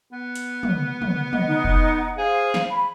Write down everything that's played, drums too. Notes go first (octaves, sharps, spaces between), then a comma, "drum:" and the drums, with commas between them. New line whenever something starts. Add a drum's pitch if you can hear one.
B3
drum: hi-hat
drum: tom
drum: tom
D#5 F#5, drum: tom
D#4 F#5
drum: kick F1
G#4 C5 F5
drum: snare
B5